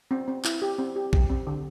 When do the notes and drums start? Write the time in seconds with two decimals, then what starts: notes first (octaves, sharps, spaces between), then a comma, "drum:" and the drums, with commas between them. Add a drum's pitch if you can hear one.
0.11 C4
0.28 C4
0.45 E4, drum: clap
0.62 G4
0.78 C4
0.96 G4
1.13 G4, drum: kick A#1
1.29 C4
1.47 D3